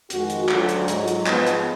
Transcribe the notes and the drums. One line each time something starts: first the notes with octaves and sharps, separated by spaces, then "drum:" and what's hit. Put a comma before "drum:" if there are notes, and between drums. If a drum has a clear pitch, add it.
F2 D#3 G#3 F#4, drum: hi-hat
drum: hi-hat
D2 D3 F#3 F4, drum: clap
drum: hi-hat
G#2 F#3, drum: hi-hat
drum: hi-hat
G#2 F3 G#3 B3, drum: clap
drum: hi-hat